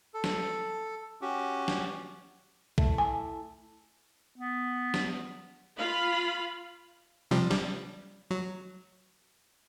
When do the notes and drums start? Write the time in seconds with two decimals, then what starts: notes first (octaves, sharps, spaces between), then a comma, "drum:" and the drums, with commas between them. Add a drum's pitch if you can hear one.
0.14 A4
0.24 drum: snare
1.21 C#4 F#4 G4
1.68 drum: snare
2.78 A3 E4, drum: kick
2.98 G#5
4.36 B3
4.94 drum: snare
5.78 F4 F5 B5
7.31 C3 F3 G3
7.51 G3, drum: snare
8.31 F#3